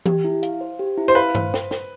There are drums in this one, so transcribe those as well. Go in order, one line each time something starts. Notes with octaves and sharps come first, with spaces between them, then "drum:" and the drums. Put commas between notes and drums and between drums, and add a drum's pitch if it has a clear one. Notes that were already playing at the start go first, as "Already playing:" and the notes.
G4, drum: tom E3
E4
F5, drum: hi-hat
C5
G4
E4
C5
B4 F5
C5, drum: tom G2
drum: snare
drum: snare